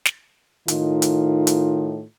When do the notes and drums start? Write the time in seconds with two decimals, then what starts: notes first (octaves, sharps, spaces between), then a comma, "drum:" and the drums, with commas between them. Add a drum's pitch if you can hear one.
0.05 drum: snare
0.68 A2 D#3 D#4 F4, drum: hi-hat
1.02 drum: hi-hat
1.47 drum: hi-hat